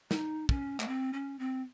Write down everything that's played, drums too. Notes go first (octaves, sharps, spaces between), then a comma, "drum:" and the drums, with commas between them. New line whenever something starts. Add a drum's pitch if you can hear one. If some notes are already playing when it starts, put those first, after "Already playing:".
D#4, drum: snare
C#4, drum: kick
A3, drum: clap
C4
C#4
C4